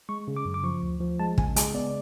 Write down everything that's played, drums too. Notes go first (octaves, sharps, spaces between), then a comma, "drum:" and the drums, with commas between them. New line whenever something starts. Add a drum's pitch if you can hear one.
G#3 C#6
C#3
D6
F#2
D6
F3 C#6
D2
F3
G#3 A5
C#3 G#5, drum: kick
G#3 G#5, drum: hi-hat
B3 D5